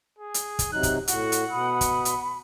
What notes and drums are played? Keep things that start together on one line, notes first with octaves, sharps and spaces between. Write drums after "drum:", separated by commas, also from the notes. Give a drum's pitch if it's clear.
G#4
drum: hi-hat
drum: kick, hi-hat
C3 F#3 D#4 F#6
drum: kick, hi-hat
A2 F#4 F#5, drum: hi-hat
drum: hi-hat
B2 B5 D#6
drum: kick, hi-hat
drum: hi-hat